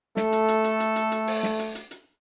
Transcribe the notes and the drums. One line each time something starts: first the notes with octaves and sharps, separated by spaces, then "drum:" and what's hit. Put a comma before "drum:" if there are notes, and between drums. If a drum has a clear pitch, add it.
A3 A4, drum: snare
drum: hi-hat
drum: hi-hat
drum: hi-hat
drum: hi-hat
drum: hi-hat
drum: hi-hat
drum: open hi-hat
drum: snare
drum: hi-hat
drum: hi-hat
drum: hi-hat